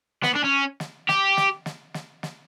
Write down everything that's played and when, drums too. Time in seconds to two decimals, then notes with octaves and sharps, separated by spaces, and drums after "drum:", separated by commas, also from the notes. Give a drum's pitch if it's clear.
0.23 B3, drum: snare
0.35 D4
0.44 C#4
0.80 drum: snare
1.09 G4, drum: snare
1.37 drum: snare
1.66 drum: snare
1.94 drum: snare
2.23 drum: snare